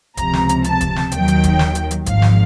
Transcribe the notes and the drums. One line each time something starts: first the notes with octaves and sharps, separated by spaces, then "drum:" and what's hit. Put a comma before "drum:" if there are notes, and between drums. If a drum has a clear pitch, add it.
C#2 C3 F3 A#5, drum: kick D1, hi-hat
drum: snare
drum: hi-hat
A5, drum: hi-hat
drum: kick D1, hi-hat
drum: snare
D#2 D#3 F#3 G5, drum: hi-hat
drum: hi-hat
drum: kick D1, hi-hat
drum: snare
drum: hi-hat
drum: hi-hat
G#1 G#2 F3 F5, drum: kick D1, hi-hat
drum: snare